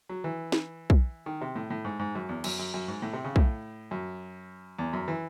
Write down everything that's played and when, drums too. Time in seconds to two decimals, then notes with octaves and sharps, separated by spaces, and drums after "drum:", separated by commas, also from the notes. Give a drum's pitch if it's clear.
0.09 F#3
0.24 E3
0.52 drum: snare
0.90 drum: kick B1
1.26 D#3
1.41 C3
1.55 A2
1.70 A2
1.85 G#2
1.99 G#2
2.15 F#2
2.29 E2
2.44 F#2, drum: cymbal
2.59 F#2
2.74 F#2
2.88 G#2
3.02 A2
3.13 C3
3.24 C#3
3.36 A2, drum: kick B1
3.91 F#2
4.79 E2
4.93 F#2
5.08 E3